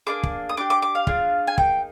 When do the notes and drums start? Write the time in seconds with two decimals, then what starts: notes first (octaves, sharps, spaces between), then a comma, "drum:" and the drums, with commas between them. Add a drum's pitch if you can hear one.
0.07 A#3 D4 F4 G#4 D6
0.23 drum: kick
0.49 D#6
0.57 D4 G4 D6
0.70 D6
0.82 D6
0.95 F5
1.07 D4 F4 G#4, drum: kick
1.47 G#5
1.58 A#3 D#4 G#4 G5, drum: kick